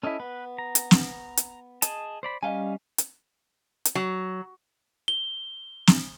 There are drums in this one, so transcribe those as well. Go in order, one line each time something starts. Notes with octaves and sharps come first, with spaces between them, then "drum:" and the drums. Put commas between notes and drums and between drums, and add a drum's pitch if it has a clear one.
C#4 E4 A4 D#5
B3 B4
A#5
drum: hi-hat
drum: snare
drum: hi-hat
G#4 D#5 A5, drum: hi-hat
C5 D5 B5
G3 C#4 D#5 F5 G#5
drum: hi-hat
drum: hi-hat
F#3
G7
drum: snare